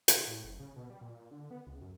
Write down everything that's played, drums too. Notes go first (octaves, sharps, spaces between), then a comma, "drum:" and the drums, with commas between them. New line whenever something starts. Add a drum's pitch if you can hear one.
C3, drum: hi-hat
A2
F#1
C#3
B2
G3
A#2
A#2
D3
B3
C#2
F#2